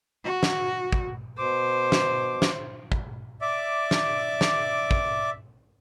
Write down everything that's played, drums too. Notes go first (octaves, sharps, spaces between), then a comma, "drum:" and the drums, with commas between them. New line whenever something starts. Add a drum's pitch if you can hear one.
F#4
drum: snare
drum: kick
B2 C5 D6
drum: snare
drum: snare
drum: kick
D5 E5 D6
drum: snare
drum: snare
drum: kick